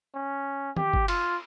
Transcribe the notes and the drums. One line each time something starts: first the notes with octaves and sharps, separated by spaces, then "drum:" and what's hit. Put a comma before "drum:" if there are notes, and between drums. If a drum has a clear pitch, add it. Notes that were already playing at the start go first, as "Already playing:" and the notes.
C#4
G4, drum: tom D#3
drum: kick
F4, drum: cymbal